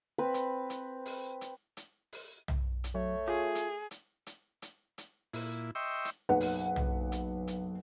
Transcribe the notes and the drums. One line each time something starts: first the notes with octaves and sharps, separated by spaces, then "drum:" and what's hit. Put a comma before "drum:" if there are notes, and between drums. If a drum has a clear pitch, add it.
C4 B4 B5
drum: hi-hat
drum: hi-hat
drum: open hi-hat
drum: hi-hat
drum: hi-hat
drum: open hi-hat
drum: tom
drum: hi-hat
F#3 A3 C#5
F4 G#4
drum: hi-hat
drum: hi-hat
drum: hi-hat
drum: hi-hat
drum: hi-hat
A#2 E4, drum: open hi-hat
D#5 E5 G5 C6 C#6 E6
drum: hi-hat
F#1 B1 B4 F#5
drum: open hi-hat
drum: tom
drum: hi-hat
drum: hi-hat